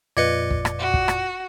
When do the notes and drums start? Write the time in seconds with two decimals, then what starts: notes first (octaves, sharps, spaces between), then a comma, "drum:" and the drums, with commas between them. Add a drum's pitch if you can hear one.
0.17 F2 A#2 F4 B4 D5 D#5 G#6 C#7
0.51 drum: kick
0.65 drum: rim click
0.79 F#4
0.94 drum: kick
1.08 drum: rim click